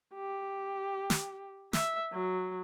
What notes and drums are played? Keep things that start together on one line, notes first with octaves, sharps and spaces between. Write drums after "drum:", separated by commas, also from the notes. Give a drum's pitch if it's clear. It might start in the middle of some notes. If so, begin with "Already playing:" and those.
G4
drum: snare
E5, drum: snare
F#3